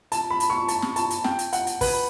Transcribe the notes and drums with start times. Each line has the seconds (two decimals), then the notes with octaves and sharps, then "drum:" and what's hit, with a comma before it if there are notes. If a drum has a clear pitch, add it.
0.12 A5, drum: hi-hat
0.30 B5
0.40 drum: hi-hat
0.50 C#6
0.68 A5, drum: hi-hat
0.82 drum: snare
0.96 A5, drum: hi-hat
1.10 drum: hi-hat
1.24 G5, drum: snare
1.39 drum: hi-hat
1.53 F#5, drum: hi-hat
1.67 drum: hi-hat
1.81 B4, drum: kick, open hi-hat